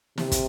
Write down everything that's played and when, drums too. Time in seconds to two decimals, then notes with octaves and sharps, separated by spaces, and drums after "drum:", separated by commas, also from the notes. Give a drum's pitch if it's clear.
0.18 C3, drum: snare
0.32 drum: kick, hi-hat